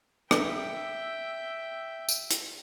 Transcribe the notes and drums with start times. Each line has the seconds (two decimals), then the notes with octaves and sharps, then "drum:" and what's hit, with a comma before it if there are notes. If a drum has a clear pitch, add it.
0.31 E5 G5, drum: rim click
2.08 drum: tambourine
2.30 drum: hi-hat